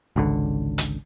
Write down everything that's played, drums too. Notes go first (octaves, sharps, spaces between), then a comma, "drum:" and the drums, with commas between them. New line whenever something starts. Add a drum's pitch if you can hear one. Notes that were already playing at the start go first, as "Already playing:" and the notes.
G#1 C#2 D3
drum: hi-hat